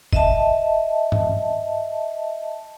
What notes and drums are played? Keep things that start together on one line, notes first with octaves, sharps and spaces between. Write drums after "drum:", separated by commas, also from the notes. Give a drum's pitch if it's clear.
D#5 E5 A5, drum: kick
drum: tom G2